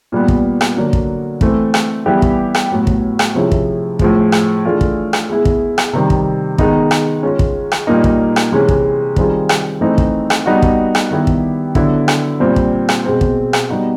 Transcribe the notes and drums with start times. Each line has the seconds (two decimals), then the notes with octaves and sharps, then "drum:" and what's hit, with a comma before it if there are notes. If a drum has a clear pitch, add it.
0.12 A#2 G3 B3
0.28 drum: kick
0.61 drum: rim click
0.77 D3 F#3 A#3 D4
0.93 drum: kick
1.41 E3 A3 C4, drum: kick
1.74 drum: rim click
2.06 E3 G3 B3 E4 G4
2.22 drum: kick
2.55 drum: rim click
2.71 A2 F#3 B3
2.87 drum: kick
3.19 drum: rim click
3.35 C3 F3 G#3 C#4 E4
3.51 drum: kick
3.99 A2 F3 G#3, drum: kick
4.32 drum: rim click
4.65 E3 A3 D4 F4 G#4
4.81 drum: kick
5.13 drum: rim click
5.29 G#3 B3 E4 G#4
5.45 drum: kick
5.78 drum: rim click
5.93 C3 D#3 G3
6.10 drum: kick
6.58 D#3 G#3 B3 D#4, drum: kick
6.91 drum: rim click
7.23 G#3 C#4 F4 G#4
7.39 drum: kick
7.72 drum: rim click
7.87 A#2 G3 A#3 D#4
8.04 drum: kick
8.36 drum: rim click
8.52 C3 E3 G#3 C#4
8.68 drum: kick
9.16 D#3 G3 C4 F4 G#4, drum: kick
9.49 drum: rim click
9.81 E3 A3 C4 D#4
9.98 drum: kick
10.30 drum: rim click
10.46 G3 B3 D#4 F#4
10.62 drum: kick
10.95 drum: rim click
11.11 D#3 G3 B3 E4 G4
11.27 drum: kick
11.75 D3 F#3 B3 E4, drum: kick
12.08 drum: rim click
12.40 A#2 G3 C4
12.56 drum: kick
12.89 drum: rim click
13.05 B2 G#3 C4
13.21 drum: kick
13.53 drum: rim click
13.70 G3 B3 D#4 F#4